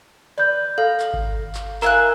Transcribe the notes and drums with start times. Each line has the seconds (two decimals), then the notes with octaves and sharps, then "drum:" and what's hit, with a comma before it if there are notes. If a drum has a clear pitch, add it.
0.38 B4 D5 G6
0.78 A4 F5 A#5
1.00 drum: clap
1.13 drum: kick G#1
1.55 drum: clap
1.82 E4 A#4 F5 G#5 A#5 F#6, drum: clap